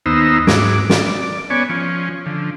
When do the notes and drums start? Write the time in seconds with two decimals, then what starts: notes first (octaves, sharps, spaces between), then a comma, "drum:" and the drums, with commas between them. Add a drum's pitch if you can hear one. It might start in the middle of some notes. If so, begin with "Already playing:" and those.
0.06 D#2 B3 D#4 C5 A#5 E6
0.47 G#2 F#3 D6, drum: snare
0.90 D5, drum: snare
1.50 B3 C#4 C#5 D5 G#5
1.70 F3 C#4
2.26 D3 F3